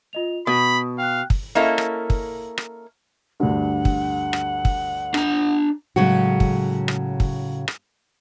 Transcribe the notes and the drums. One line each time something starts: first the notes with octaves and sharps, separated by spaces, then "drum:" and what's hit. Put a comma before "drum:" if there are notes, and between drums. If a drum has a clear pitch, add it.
F4 D#5 F7
B2 B5 D#6
F5 G5 F#6
drum: kick
A#3 C#4 E4 A4 A#4 D#5
drum: rim click
drum: kick
drum: rim click
D2 G2 F#5
drum: kick
drum: rim click
drum: kick
D4 A#5, drum: rim click
A2 C#3 F#3 G#3 F#4
drum: kick
drum: rim click
drum: kick
drum: rim click